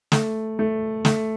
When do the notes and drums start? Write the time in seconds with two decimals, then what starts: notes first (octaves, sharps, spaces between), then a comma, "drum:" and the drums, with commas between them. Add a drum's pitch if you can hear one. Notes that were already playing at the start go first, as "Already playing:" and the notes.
0.12 A3, drum: snare
0.59 A3
1.05 A3, drum: snare